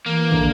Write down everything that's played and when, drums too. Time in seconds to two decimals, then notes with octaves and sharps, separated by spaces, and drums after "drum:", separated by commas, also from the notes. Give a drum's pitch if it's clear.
0.06 E3 A#3
0.31 D3, drum: kick